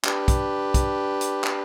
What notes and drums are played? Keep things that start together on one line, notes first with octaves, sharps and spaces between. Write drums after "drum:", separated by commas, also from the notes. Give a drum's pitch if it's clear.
D4 G4 B4, drum: clap
drum: kick, hi-hat
drum: kick, hi-hat
drum: hi-hat
drum: clap